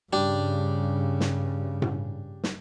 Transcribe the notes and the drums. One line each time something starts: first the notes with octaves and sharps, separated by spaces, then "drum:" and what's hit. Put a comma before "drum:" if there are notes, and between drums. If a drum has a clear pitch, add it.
G2 C#3 G3 D4
drum: snare
drum: tom A2
drum: snare